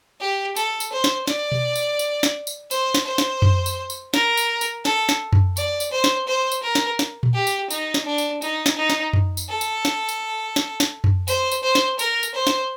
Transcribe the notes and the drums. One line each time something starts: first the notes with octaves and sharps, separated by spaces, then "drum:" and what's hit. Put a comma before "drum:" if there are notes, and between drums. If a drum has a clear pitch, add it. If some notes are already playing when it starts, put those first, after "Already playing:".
G4
A4, drum: tambourine
drum: tambourine
C5
drum: snare
D5, drum: snare
drum: tom B2
drum: tambourine
drum: tambourine
drum: snare
drum: tambourine
C5, drum: tambourine
drum: snare
C5
drum: snare
drum: tom F#2
drum: tambourine
drum: tambourine
A#4, drum: snare
drum: tambourine
drum: tambourine
A4, drum: snare
drum: snare
drum: tom F#2
D5, drum: tambourine
drum: tambourine
C5
drum: snare
C5
drum: tambourine
A#4
drum: snare
drum: snare
drum: tom A#2
G4
drum: tambourine
D#4, drum: tambourine
drum: snare
D4
drum: tambourine
D#4, drum: tambourine
drum: snare
D#4
drum: snare
drum: tom F#2
drum: tambourine
A4
drum: tambourine
drum: snare
drum: tambourine
drum: snare
drum: snare
drum: tom F#2
C5, drum: tambourine
drum: tambourine
C5
drum: snare
A#4, drum: tambourine
drum: tambourine
C5
drum: snare